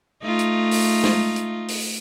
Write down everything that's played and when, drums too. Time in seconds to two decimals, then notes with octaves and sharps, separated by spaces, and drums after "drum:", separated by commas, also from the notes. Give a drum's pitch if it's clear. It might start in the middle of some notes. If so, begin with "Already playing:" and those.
0.23 A3 D#4 F4
0.39 drum: hi-hat
0.71 drum: open hi-hat
1.04 drum: snare
1.36 drum: hi-hat
1.68 drum: open hi-hat